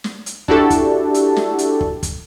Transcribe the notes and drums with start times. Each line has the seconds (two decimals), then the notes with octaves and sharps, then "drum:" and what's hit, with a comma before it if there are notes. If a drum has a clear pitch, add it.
0.04 drum: snare
0.26 drum: hi-hat
0.48 D4 E4 F#4 G4 A4, drum: kick
0.70 drum: kick, hi-hat
1.14 drum: hi-hat
1.36 drum: snare
1.59 drum: hi-hat
1.81 drum: kick
2.03 drum: kick, hi-hat